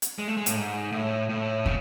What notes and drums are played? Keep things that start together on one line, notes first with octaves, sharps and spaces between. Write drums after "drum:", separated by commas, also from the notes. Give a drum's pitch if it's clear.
drum: hi-hat
G#3
A3
G#3
A2, drum: hi-hat
G#2
A2
A2
C#3, drum: kick